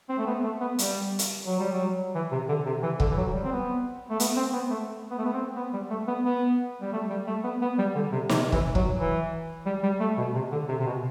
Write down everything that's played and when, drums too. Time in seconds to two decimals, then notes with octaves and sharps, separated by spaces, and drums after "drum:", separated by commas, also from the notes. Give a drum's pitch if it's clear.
0.09 C4
0.18 A3
0.27 B3
0.44 A3
0.61 B3
0.79 G3, drum: hi-hat
1.19 drum: hi-hat
1.46 F#3
1.60 G3
1.72 F#3
2.15 E3
2.32 C3
2.49 D3
2.66 C3
2.83 E3
3.00 D3, drum: kick
3.11 E3
3.17 F#3
3.34 G3
3.44 C4
3.52 B3
4.10 A3
4.20 B3, drum: hi-hat
4.37 C4
4.53 B3
4.70 A3
5.11 B3
5.18 A3
5.25 B3
5.34 C4
5.56 B3
5.73 G3
5.91 A3
6.08 B3
6.25 B3
6.81 G3
6.93 A3
7.10 G3
7.27 A3
7.44 B3
7.62 B3
7.78 G3
7.95 D3
8.12 C3
8.29 C3, drum: snare
8.52 E3, drum: kick
8.75 F#3, drum: kick
8.98 E3
9.66 G3
9.83 G3
10.00 A3
10.18 B2
10.35 C3
10.52 D3
10.69 C3
10.80 C3
10.86 B2